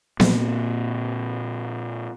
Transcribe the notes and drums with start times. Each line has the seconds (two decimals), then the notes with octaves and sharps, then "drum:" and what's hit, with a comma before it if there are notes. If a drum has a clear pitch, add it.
0.20 A#2 A#3 C4, drum: snare B3